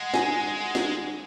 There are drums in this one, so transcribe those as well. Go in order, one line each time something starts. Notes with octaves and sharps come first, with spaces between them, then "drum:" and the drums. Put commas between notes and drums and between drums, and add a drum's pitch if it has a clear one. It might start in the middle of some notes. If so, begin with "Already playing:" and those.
Already playing: G#3 F#5
G#5, drum: snare
drum: snare